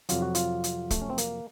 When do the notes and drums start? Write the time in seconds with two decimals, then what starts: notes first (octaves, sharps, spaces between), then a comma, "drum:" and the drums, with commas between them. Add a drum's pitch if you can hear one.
0.09 F2 C3 F#3 F4, drum: hi-hat
0.22 F#4
0.35 F4, drum: hi-hat
0.64 drum: hi-hat
0.90 A3, drum: kick, hi-hat
1.02 C#4
1.10 C4
1.18 A#3, drum: hi-hat